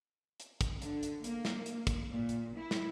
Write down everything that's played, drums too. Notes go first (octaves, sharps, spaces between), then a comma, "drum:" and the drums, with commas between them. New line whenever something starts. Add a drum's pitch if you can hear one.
drum: hi-hat
drum: kick, hi-hat
D3, drum: hi-hat
drum: hi-hat
A#3, drum: hi-hat
drum: snare
drum: hi-hat
drum: kick, hi-hat
A#2
drum: hi-hat
E4
drum: snare